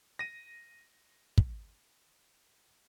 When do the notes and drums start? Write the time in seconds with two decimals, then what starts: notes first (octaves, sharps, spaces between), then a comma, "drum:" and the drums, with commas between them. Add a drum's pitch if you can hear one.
0.19 A#6 D#7
1.38 drum: kick